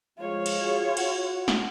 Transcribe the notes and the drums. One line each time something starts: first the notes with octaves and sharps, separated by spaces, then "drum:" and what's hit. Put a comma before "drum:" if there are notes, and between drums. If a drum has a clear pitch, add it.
F3 G#3 F4 C#5
drum: cymbal
F#4 G#4
F#4 F#5, drum: cymbal
drum: snare